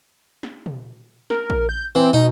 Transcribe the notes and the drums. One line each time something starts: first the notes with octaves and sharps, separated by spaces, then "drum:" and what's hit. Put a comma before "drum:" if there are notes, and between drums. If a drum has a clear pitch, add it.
drum: snare
drum: tom
A#4, drum: snare
drum: kick
G6
E3 C4
B2 D#4